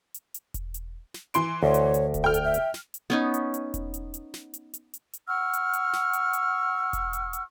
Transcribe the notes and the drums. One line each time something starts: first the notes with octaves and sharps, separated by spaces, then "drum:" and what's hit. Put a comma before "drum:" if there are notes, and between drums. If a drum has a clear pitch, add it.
drum: hi-hat
drum: hi-hat
drum: kick E1, hi-hat
drum: hi-hat
drum: snare
E3 C6 D7, drum: hi-hat
D2 C#5
drum: hi-hat
drum: hi-hat
drum: kick E1, hi-hat
A4 G5 F6
drum: hi-hat
E5
drum: hi-hat
drum: snare
drum: hi-hat
B3 C#4 D#4
drum: hi-hat
drum: hi-hat
drum: kick E1, hi-hat
drum: hi-hat
drum: hi-hat
drum: snare
drum: hi-hat
drum: hi-hat
drum: hi-hat
drum: hi-hat
F#5 C#6 E6 F6
drum: hi-hat
drum: hi-hat
drum: snare
drum: hi-hat
drum: hi-hat
drum: kick E1, hi-hat
drum: hi-hat
drum: hi-hat